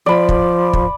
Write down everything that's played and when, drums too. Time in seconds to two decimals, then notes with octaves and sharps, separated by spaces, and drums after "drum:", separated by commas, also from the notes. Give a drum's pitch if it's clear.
0.06 F3 D5 B5
0.29 drum: kick
0.73 drum: kick